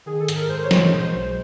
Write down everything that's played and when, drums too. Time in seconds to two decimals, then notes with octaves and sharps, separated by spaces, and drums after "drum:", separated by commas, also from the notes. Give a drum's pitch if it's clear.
0.06 D#3 G#4
0.20 A4
0.28 G#2, drum: hi-hat
0.36 A#4
0.49 G#2 C5
0.64 C#5
0.71 G#3, drum: snare
0.92 B2 C5
1.15 B1